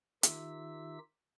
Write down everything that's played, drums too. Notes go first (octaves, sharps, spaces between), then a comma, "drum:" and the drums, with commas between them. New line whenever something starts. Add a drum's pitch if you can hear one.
D#3 D#4 F4 G4 E5 E6, drum: hi-hat